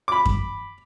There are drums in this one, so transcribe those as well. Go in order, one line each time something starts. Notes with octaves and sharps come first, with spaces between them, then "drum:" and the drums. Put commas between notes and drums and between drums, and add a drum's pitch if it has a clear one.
B5 D6
drum: kick F#2